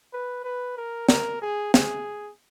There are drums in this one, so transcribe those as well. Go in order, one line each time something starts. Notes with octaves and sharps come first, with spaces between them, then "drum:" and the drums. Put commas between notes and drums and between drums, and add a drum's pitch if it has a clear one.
B4
B4
A#4
A#4, drum: snare
G#4
G#4, drum: snare